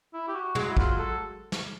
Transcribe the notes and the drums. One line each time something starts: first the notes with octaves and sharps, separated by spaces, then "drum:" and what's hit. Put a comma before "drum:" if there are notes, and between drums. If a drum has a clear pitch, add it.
E4
G4
F#4
F#3 G#3, drum: tom
E4
F4, drum: kick
A4
drum: snare